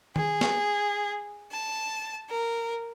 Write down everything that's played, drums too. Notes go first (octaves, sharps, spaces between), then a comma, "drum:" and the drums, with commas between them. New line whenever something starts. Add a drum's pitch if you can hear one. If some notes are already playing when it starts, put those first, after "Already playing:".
G#4, drum: tom D#3
drum: snare
A5
A#4